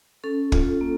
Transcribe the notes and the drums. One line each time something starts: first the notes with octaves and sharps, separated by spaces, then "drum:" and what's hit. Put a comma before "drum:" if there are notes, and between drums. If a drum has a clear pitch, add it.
C#4 A4
F4, drum: kick
A#3